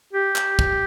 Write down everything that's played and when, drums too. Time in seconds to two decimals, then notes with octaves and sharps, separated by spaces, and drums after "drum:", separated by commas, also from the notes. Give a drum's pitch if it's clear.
0.13 G4
0.36 drum: clap
0.59 drum: kick